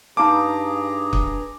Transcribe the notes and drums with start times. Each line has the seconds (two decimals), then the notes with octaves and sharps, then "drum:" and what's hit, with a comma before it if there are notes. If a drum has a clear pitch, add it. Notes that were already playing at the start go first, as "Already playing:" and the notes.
0.17 G2 D#4 G#4 F5 A5 A#5 D6
1.13 drum: kick